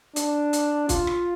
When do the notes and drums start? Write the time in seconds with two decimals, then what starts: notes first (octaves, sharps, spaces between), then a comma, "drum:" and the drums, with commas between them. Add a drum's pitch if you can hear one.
0.16 D4, drum: hi-hat
0.53 drum: hi-hat
0.89 F4, drum: kick, hi-hat
1.07 drum: rim click